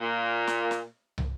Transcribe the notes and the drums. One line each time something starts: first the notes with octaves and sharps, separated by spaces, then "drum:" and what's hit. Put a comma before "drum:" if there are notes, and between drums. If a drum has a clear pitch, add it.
A#2
drum: snare
drum: snare
drum: tom